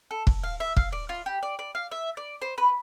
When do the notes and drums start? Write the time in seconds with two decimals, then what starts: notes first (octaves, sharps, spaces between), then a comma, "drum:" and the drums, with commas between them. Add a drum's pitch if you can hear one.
0.11 A4
0.27 drum: kick
0.43 F5
0.60 E5
0.76 F5, drum: kick
0.92 D5
1.09 F4
1.26 G4
1.43 D5
1.59 D5
1.75 F5
1.91 E5
2.17 D5
2.42 C5
2.58 B4